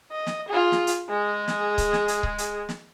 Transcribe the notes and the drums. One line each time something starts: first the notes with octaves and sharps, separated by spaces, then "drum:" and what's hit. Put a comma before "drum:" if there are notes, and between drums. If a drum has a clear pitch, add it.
D#5
drum: snare
F4 G#4
drum: snare
drum: hi-hat
G#3 G#4
drum: snare
drum: kick C#1, hi-hat
drum: snare
drum: hi-hat
drum: kick C#1
drum: hi-hat
drum: snare